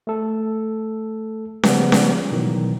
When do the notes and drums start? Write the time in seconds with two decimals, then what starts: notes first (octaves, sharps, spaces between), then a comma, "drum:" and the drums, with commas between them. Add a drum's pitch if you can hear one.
0.07 A3 A4
1.63 C#3 F3 G3 B3, drum: snare C#4
1.92 drum: snare C#4
2.32 B2 D#3 E3 F#3 G3